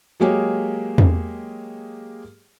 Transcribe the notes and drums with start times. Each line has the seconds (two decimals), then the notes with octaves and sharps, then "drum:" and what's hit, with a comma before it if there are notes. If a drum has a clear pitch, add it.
0.20 F#3 G#3 A#3 G4 G#4 C#5
0.98 drum: tom E2